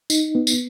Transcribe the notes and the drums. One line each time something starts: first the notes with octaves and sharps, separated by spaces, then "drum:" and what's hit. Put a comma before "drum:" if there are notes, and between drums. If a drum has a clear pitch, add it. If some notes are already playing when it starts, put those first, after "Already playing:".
D#4, drum: tambourine
B3
drum: tambourine